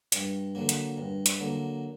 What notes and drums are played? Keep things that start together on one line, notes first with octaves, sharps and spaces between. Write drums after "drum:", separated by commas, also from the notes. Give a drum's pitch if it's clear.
G2, drum: hi-hat
D3 F#3 A#3
drum: hi-hat
G2
drum: hi-hat
D3 F#3 A#3